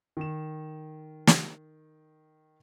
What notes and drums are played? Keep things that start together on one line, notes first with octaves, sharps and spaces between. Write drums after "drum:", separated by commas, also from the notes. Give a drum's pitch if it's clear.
D#3 E7
drum: snare